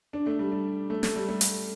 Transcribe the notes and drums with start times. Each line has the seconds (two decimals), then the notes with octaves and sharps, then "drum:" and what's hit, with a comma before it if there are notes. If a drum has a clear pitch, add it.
0.13 D4
0.26 A3
0.39 G3
0.52 G3
0.90 A3
1.03 A3, drum: snare
1.16 G3
1.28 A3
1.41 drum: hi-hat